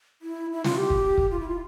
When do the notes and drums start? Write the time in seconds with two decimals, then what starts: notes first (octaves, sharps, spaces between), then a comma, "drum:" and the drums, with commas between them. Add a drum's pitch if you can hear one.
0.22 E4
0.52 E4
0.64 F4, drum: snare
0.77 G4
0.90 drum: kick
1.18 drum: kick
1.31 F4
1.40 E4
1.49 F4